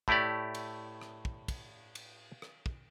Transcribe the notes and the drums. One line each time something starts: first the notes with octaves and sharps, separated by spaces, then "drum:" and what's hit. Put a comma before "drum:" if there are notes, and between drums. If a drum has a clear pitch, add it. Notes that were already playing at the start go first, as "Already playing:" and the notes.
A2 A3 E4 G4 D5, drum: kick
drum: cymbal
drum: rim click
drum: kick
drum: kick, cymbal
drum: cymbal
drum: rim click
drum: kick